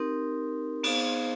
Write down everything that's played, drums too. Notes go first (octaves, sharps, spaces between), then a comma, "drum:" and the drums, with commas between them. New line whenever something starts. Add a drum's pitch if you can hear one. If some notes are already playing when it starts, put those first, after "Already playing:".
Already playing: C4 D#4 G4 A#4
B3 D#4 G#4 C5 F5, drum: cymbal